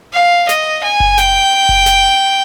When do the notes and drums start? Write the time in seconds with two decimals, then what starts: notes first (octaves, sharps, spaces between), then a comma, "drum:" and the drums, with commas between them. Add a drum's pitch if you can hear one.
0.14 F5
0.49 D#5, drum: snare
0.83 G#5
1.00 drum: kick F#1
1.18 G5, drum: snare
1.69 drum: kick F#1
1.86 drum: snare